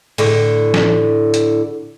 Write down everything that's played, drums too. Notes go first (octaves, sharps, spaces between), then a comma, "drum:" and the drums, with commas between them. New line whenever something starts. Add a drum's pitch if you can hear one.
A2 D3, drum: open hi-hat
drum: snare
drum: hi-hat